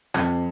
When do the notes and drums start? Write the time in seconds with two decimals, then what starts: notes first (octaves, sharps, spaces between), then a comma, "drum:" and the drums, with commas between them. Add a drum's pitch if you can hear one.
0.14 F2, drum: rim click